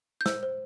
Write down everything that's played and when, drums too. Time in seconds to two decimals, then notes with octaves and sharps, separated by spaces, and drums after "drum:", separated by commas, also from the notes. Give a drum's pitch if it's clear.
0.21 G6
0.26 C5 E6, drum: snare
0.43 C5